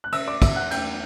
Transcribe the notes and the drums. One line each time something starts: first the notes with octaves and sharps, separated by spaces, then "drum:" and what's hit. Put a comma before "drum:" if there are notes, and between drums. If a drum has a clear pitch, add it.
F#6
C#3 E5 E6, drum: cymbal
D5 D6
E2 E5 E6, drum: kick, cymbal
F#5 F#6
C#4 G5 G6, drum: cymbal